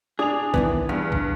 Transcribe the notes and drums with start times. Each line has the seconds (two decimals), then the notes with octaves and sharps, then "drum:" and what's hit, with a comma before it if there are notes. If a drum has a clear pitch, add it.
0.19 D4 G#4 D#6 F7
0.54 D#3 E3 B3, drum: kick A#1
0.89 E2 G2
1.12 drum: kick A#1